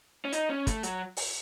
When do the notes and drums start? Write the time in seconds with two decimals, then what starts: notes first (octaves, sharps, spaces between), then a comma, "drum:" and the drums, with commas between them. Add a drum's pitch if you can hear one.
0.25 C#4
0.32 D#4, drum: hi-hat
0.50 C#4
0.67 A3, drum: kick, hi-hat
0.83 F#3, drum: hi-hat
1.17 drum: open hi-hat